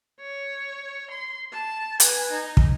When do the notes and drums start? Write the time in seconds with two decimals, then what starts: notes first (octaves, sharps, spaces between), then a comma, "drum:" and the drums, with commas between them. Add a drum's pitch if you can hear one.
0.21 C#5
1.11 C6
1.53 A5
2.00 B4 G#5, drum: hi-hat
2.31 D#4
2.57 drum: kick